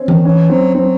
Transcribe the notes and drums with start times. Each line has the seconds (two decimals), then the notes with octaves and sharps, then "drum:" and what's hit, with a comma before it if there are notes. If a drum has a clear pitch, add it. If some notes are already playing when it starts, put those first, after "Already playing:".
Already playing: C4 C#4
0.08 D#3, drum: tom E3
0.25 E3 C#4
0.50 F#3 C4
0.75 F#3 C4